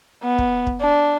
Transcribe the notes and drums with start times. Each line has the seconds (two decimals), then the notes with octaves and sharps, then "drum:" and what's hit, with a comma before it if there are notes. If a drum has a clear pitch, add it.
0.24 B3
0.39 drum: kick
0.67 drum: kick
0.81 D4